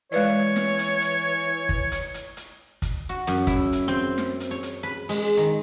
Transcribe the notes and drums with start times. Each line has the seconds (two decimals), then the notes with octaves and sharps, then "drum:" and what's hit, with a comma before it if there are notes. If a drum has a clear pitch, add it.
0.12 E3 G#3 B4 C#5 D5
0.56 drum: snare
0.79 drum: hi-hat
1.01 drum: hi-hat
1.69 drum: kick
1.92 drum: hi-hat
2.14 drum: hi-hat
2.37 drum: hi-hat
2.82 drum: kick, hi-hat
3.09 F#4
3.27 F#2, drum: hi-hat
3.47 E4, drum: kick, hi-hat
3.72 drum: hi-hat
3.88 C4
4.18 drum: snare
4.40 drum: hi-hat
4.51 C#5
4.63 drum: hi-hat
4.83 B4
5.09 G#3, drum: open hi-hat
5.37 D#3